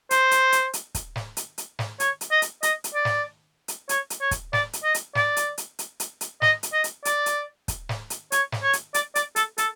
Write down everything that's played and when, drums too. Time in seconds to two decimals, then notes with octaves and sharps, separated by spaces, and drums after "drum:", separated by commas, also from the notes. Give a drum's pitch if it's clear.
0.11 C5, drum: hi-hat
0.31 drum: hi-hat
0.52 drum: hi-hat
0.73 drum: hi-hat
0.95 drum: kick, hi-hat
1.16 drum: snare
1.37 drum: hi-hat
1.58 drum: hi-hat
1.79 drum: snare
2.00 C#5, drum: hi-hat
2.21 drum: hi-hat
2.31 D#5
2.42 drum: hi-hat
2.63 D#5, drum: hi-hat
2.84 drum: hi-hat
2.94 D5
3.05 drum: snare
3.68 drum: hi-hat
3.89 C#5, drum: hi-hat
4.10 drum: hi-hat
4.21 C#5
4.31 drum: kick, hi-hat
4.53 D5, drum: snare
4.73 drum: hi-hat
4.84 D#5
4.94 drum: hi-hat
5.15 D5, drum: snare
5.37 drum: hi-hat
5.58 drum: hi-hat
5.79 drum: hi-hat
6.00 drum: hi-hat
6.21 drum: hi-hat
6.42 D#5, drum: snare
6.63 drum: hi-hat
6.73 D#5
6.84 drum: hi-hat
7.05 D5, drum: hi-hat
7.26 drum: hi-hat
7.68 drum: kick, hi-hat
7.89 drum: snare
8.10 drum: hi-hat
8.32 C#5, drum: hi-hat
8.52 drum: snare
8.63 C#5
8.73 drum: hi-hat
8.94 D5, drum: hi-hat
9.15 D5, drum: hi-hat
9.36 A4, drum: hi-hat
9.58 A4, drum: hi-hat